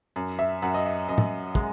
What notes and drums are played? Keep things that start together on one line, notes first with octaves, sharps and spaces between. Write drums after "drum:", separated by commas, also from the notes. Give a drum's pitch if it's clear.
F#2
E5
F#2 F#5
D#5
E5
F#2 D#5
drum: tom
G#3, drum: kick